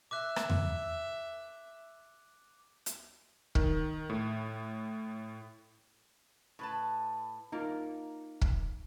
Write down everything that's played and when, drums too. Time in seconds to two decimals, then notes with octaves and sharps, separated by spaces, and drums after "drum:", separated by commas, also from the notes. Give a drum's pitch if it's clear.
0.11 E5 D6 F#6
0.36 drum: rim click
0.50 drum: tom E2
2.86 drum: hi-hat
3.55 D#3, drum: kick
4.10 A2
6.59 A2 B4 A5
7.52 A#3 D#4 F4 A#4
8.41 drum: kick